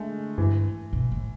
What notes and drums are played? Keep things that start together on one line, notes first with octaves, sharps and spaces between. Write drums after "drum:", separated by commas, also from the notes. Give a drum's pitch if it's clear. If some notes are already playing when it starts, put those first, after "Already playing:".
Already playing: D3 G#3 A3
E3, drum: tom G2
B2
A2